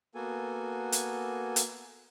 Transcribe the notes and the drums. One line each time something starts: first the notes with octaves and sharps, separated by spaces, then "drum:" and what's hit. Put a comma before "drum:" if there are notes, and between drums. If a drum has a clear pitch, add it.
A#3 B3 F#4 A4 G#5
drum: hi-hat
drum: hi-hat